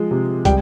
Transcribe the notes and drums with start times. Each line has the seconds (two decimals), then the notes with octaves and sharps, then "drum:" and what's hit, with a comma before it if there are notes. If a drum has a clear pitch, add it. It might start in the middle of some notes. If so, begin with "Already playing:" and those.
Already playing: F3 G#3
0.11 C3
0.45 G3 G5, drum: kick, hi-hat